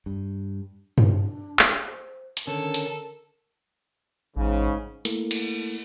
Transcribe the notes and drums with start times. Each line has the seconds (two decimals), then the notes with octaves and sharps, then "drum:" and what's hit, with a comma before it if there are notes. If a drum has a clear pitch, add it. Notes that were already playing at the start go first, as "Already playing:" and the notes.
0.06 G2
0.98 D4, drum: tom G2
1.59 drum: clap
1.86 C5
2.37 drum: hi-hat
2.47 D3 D#3 C#4 A4 A#4
2.74 drum: hi-hat
4.36 A1 G#2 C#3
5.05 A3 A#3 E4 A4 A#4, drum: hi-hat
5.31 drum: cymbal